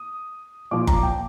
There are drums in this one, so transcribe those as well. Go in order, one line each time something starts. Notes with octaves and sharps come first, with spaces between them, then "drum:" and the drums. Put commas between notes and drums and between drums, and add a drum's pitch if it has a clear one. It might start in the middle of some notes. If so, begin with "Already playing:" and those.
Already playing: D#6
A#2 F3 D6
A#5, drum: kick F#1
G5